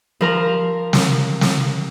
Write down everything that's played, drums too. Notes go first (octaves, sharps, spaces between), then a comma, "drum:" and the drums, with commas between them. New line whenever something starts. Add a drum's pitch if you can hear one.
F3 A#4 A#5
drum: snare
drum: snare